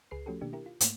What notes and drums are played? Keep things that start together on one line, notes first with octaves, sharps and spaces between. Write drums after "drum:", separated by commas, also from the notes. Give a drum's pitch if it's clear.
C#2 G#4 B4 C7
F3 A3 C#4 F#4 G4 A4
B2 D#3 A#3 D4 G4
E4 G4 A#4
F4
G#2 A3 A#3, drum: hi-hat